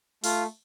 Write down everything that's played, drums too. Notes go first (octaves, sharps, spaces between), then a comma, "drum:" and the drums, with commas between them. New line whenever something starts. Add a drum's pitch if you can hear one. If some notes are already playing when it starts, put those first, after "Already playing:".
A3 F4 F5, drum: open hi-hat